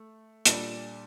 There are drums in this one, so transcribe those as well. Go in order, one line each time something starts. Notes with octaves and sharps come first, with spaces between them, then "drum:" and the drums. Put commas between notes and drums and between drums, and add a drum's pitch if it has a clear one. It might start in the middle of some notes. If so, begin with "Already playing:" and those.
Already playing: A3
A#2 G3 D4 A4, drum: hi-hat